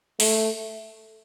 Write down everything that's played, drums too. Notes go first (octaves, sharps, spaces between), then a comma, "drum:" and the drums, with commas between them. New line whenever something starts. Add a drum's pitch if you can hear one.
A3, drum: open hi-hat